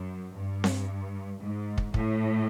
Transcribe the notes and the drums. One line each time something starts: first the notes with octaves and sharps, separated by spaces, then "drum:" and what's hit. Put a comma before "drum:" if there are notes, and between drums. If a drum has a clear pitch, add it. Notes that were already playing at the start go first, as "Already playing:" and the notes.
Already playing: F#2
G2
drum: snare C4
G#2
drum: kick
A2, drum: kick